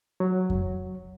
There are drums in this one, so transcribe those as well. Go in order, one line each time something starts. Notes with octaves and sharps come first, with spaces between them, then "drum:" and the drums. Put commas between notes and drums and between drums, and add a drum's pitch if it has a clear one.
F#3
drum: kick F2